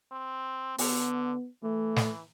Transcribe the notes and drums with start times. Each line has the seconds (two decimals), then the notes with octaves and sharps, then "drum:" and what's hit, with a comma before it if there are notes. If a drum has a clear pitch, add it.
0.12 C4
0.78 D3 B3, drum: open hi-hat
1.63 E3 A3
1.96 drum: snare